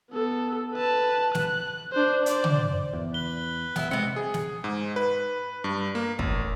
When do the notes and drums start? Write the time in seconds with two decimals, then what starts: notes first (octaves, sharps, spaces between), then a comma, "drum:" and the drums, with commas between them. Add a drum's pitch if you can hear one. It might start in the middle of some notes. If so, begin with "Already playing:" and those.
0.11 B3 A4
0.74 B4 A5
1.35 F#6, drum: snare
1.92 D4 C5
2.26 C5 D5, drum: hi-hat
2.44 drum: tom
2.93 E2
3.14 B4 G7
3.76 B3 D#4 E4, drum: snare
3.91 C3 G#3 B3 C4 C#7
4.16 G#4
4.34 drum: snare
4.64 G#2
4.96 B4
5.64 G2
5.95 A#3
6.19 A1, drum: kick